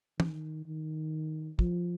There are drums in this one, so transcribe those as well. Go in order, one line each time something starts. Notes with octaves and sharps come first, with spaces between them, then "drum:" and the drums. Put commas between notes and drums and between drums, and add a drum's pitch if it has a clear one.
D#3, drum: tom
D#3
F3, drum: kick